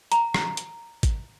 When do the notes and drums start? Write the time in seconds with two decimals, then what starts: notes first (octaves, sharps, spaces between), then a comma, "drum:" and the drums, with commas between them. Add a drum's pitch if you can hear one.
0.12 A#5, drum: hi-hat
0.34 drum: rim click
0.57 drum: hi-hat
1.03 drum: kick G#1, hi-hat